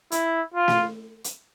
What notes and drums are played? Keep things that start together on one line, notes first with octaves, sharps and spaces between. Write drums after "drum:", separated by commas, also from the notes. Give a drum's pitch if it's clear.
E4, drum: hi-hat
F4
drum: snare
drum: hi-hat